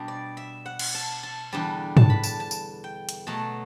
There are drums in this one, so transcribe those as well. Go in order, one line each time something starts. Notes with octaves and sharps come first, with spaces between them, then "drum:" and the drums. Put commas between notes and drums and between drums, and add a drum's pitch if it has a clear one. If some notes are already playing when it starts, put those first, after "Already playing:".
Already playing: B2 G3 D4
D5
E5
F#5
drum: cymbal
A5
A5
E2 D3 G3 A5
A5, drum: tom
B5
A5, drum: tambourine
A5
drum: tambourine
G5
drum: hi-hat
B2 F#3 A3 A5